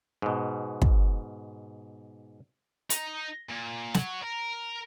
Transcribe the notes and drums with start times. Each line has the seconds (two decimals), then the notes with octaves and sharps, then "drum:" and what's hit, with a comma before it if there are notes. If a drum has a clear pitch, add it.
0.22 G#2 B2
0.82 drum: kick
2.90 D#4, drum: hi-hat
3.49 A#2
3.94 C#5 F#5, drum: snare
4.22 A#4